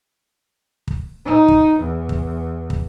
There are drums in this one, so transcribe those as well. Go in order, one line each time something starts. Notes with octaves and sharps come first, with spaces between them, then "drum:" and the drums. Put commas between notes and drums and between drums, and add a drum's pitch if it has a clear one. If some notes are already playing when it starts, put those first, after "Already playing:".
drum: kick
D#4
drum: kick
E2
drum: kick
drum: kick